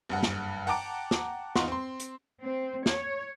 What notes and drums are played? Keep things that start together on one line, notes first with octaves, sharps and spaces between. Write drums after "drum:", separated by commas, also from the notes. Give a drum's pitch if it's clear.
F#1 G2 F#5
drum: snare
F#5 G5 A5 A#5 D6 D7, drum: open hi-hat
drum: snare
E2 D#4 F4 F#5 C6 C#6, drum: snare
C4 C6
drum: hi-hat
C4
C#5, drum: snare